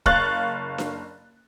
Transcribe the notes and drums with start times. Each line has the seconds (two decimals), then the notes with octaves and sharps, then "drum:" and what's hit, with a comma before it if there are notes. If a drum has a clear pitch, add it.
0.06 F#1 F5 C#6 F#6 A6, drum: kick
0.78 drum: snare D4